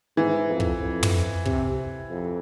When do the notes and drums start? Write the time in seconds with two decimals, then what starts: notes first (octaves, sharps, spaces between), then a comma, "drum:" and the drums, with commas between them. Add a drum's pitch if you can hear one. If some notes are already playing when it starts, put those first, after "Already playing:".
0.17 G#2 E3
0.49 F2
0.60 drum: kick
0.81 F2
1.03 drum: tom
1.45 C3, drum: kick
2.10 F2